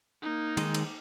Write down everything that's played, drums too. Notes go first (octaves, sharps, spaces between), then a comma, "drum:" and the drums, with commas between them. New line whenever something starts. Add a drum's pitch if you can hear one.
A#3 D#4
D#3 G#3 D#5, drum: cymbal
drum: cymbal